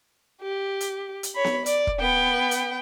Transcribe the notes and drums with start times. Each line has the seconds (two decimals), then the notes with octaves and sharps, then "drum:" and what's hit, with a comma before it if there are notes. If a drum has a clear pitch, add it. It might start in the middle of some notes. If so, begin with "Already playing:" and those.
0.42 G4
0.80 drum: hi-hat
1.23 drum: hi-hat
1.34 C#5 B5
1.44 drum: snare B3
1.66 D5, drum: hi-hat
1.87 drum: kick
2.00 B3 G5
2.51 drum: hi-hat